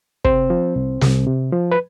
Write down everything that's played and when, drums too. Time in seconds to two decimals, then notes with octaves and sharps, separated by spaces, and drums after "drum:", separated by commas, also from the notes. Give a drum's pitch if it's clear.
0.25 C3 C4 C5, drum: kick
0.50 F3
0.76 C2
1.01 C2, drum: snare
1.27 C3
1.53 F3
1.72 B4